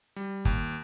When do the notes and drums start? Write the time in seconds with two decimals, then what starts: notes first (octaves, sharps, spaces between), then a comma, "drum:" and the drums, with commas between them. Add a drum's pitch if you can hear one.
0.16 G3
0.45 D#2, drum: kick